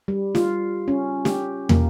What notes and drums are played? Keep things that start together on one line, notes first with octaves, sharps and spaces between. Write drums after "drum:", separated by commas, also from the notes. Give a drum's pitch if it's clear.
G3
F4, drum: snare
C#4
G4, drum: snare
A#3, drum: tom